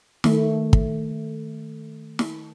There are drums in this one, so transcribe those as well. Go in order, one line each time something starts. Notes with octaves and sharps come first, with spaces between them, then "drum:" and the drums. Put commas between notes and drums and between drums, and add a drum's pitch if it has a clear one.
D#3 A3, drum: snare
drum: kick
drum: snare